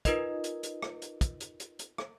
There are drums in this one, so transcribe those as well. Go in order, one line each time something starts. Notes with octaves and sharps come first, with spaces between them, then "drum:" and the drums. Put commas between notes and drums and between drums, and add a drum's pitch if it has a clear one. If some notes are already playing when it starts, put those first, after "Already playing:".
D#4 F4 A#4 B4 D#5, drum: kick, hi-hat
drum: hi-hat
drum: hi-hat
drum: rim click
drum: hi-hat
drum: kick, hi-hat
drum: hi-hat
drum: hi-hat
drum: hi-hat
drum: rim click